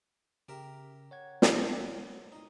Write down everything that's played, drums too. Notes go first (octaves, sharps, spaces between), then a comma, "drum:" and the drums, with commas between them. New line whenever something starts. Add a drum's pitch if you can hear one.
C#3 G4 A#4 E5
C#5 F#5 G#6
drum: snare
D#4